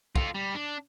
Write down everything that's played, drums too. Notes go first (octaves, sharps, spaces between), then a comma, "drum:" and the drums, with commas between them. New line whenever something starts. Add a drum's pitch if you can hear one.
F4 A4, drum: kick
G3
D4